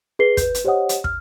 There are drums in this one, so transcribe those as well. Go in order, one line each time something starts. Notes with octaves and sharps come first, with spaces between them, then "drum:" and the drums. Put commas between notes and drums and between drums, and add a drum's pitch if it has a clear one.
G#4 B4 C7 G7
B4 G6, drum: kick, hi-hat
drum: hi-hat
G4 C5 C#5 D#5 F#5 D#6
drum: hi-hat
F6, drum: kick